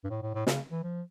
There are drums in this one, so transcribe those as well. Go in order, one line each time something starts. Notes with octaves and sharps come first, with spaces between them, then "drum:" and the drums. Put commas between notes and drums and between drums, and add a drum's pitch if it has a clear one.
G2
A2
A2
A2
C#3, drum: snare
E3
F3